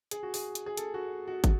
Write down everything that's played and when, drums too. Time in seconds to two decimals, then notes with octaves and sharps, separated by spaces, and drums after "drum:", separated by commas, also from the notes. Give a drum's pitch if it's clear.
0.11 G#4, drum: hi-hat
0.23 F#4
0.34 G#4, drum: open hi-hat
0.55 drum: hi-hat
0.66 G#4
0.77 A4, drum: hi-hat
0.94 F#4
1.27 F#4
1.44 drum: kick, hi-hat